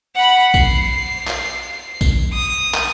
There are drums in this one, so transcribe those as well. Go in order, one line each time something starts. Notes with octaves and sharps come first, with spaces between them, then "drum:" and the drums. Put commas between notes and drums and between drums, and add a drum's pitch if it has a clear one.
F#5 B5
C7, drum: kick A#1, tambourine
drum: clap
drum: kick A#1, tambourine
D#6
drum: clap